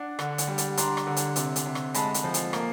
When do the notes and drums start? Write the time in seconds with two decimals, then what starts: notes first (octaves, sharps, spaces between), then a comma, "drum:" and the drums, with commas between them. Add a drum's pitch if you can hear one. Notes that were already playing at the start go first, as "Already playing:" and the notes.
Already playing: D4 F#5
0.19 D3, drum: rim click
0.38 drum: hi-hat
0.47 G3
0.58 drum: hi-hat
0.77 D4 A#5 C6, drum: hi-hat
0.97 drum: rim click
1.07 D3
1.17 drum: hi-hat
1.36 C3, drum: hi-hat
1.56 drum: hi-hat
1.66 C3
1.75 drum: rim click
1.94 G#3 A5 B5, drum: hi-hat
2.14 drum: hi-hat
2.24 F3
2.34 drum: hi-hat
2.53 A#3, drum: rim click